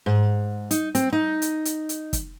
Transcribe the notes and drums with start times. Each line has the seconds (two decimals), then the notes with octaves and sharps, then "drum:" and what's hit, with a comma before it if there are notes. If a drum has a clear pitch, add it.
0.06 G#2
0.71 D#4, drum: hi-hat
0.95 C4, drum: hi-hat
1.13 D#4
1.42 drum: hi-hat
1.65 drum: hi-hat
1.89 drum: hi-hat
2.13 drum: kick, hi-hat